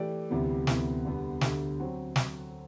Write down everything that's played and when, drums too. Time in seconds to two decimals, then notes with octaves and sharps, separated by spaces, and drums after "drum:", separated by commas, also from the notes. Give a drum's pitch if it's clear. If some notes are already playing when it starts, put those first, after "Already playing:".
Already playing: E3 A3 E4 G4 D5
0.30 D2 C3 E3 G3 B3
0.67 D2 C3 E3 B3, drum: snare
1.05 E2 D3 G3 B3
1.41 D2 D3 G3, drum: snare
1.80 F#3 C4
2.16 drum: snare